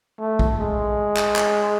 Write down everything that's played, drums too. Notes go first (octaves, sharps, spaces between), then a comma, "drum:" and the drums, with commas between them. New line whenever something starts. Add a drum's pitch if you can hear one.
A3
drum: kick
G#3
drum: clap
drum: clap